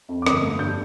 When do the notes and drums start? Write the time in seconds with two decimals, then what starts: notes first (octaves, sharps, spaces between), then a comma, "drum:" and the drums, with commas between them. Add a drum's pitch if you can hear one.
0.09 F2
0.22 D6
0.27 G1 D#6, drum: rim click
0.43 A3
0.59 G2 G6